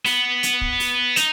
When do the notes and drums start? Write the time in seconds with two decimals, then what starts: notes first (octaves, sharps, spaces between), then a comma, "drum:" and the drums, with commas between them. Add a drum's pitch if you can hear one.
0.05 B3, drum: open hi-hat
0.43 drum: hi-hat
0.61 drum: kick
0.80 drum: open hi-hat
1.16 D#4, drum: hi-hat